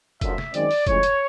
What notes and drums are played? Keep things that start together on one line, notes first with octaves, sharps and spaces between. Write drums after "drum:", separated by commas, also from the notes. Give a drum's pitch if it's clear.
F#1 F#2 D3 F3 E5, drum: kick F1, hi-hat
drum: snare
F#2 D#3 G#3 C4 D5, drum: hi-hat
drum: open hi-hat
A2 F3 G#3 C#4 C#5, drum: kick F1, hi-hat
drum: hi-hat